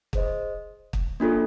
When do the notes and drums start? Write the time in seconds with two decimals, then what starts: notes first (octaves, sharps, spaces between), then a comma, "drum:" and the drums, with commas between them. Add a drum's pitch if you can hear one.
0.13 G#4 C5 D#5, drum: kick
0.93 drum: kick
1.20 A#3 D4 F4 A4